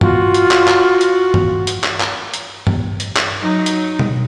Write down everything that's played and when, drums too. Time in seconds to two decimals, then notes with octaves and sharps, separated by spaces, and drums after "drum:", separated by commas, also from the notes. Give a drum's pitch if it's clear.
0.01 F4 F#4, drum: tom G2
0.34 drum: hi-hat
0.51 drum: clap
0.68 drum: clap
1.01 drum: hi-hat
1.34 drum: tom G2
1.67 drum: hi-hat
1.84 drum: clap
2.00 drum: clap
2.34 drum: hi-hat
2.67 drum: tom G2
3.00 drum: hi-hat
3.16 drum: clap
3.40 F#3 D#4
3.66 drum: hi-hat
3.99 drum: tom B2